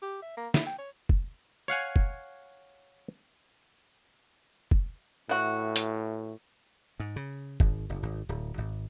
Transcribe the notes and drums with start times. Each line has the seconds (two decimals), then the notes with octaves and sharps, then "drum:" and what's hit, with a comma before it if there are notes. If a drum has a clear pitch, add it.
0.02 G4
0.23 E5
0.37 A#3
0.54 E4, drum: snare
0.67 G5
0.79 C#5
1.09 drum: kick F1
1.68 C#5 F5 F#5 G#5
1.96 drum: kick F1
4.71 drum: kick F1
5.29 A2 E3 F#4
5.76 drum: hi-hat
7.00 G#2
7.16 C#3
7.60 G#1, drum: kick F1
7.89 F#1
8.03 G#1
8.29 D1
8.58 G#1